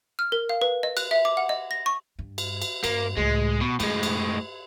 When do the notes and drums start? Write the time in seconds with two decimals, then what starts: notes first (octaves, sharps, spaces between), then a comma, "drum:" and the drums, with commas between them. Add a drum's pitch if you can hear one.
0.19 F6
0.32 A#4
0.49 F5
0.62 B4
0.83 D#5
0.97 F#6, drum: cymbal
1.11 E5
1.25 D6
1.37 F#5
1.49 D#5
1.71 A#6
1.86 C#6
2.19 G2
2.38 drum: cymbal
2.62 drum: cymbal
2.84 G2 A#3, drum: cymbal
3.17 C#2 A2 G#3
3.61 B2
3.80 F#2 A2 G#3, drum: cymbal
4.03 drum: cymbal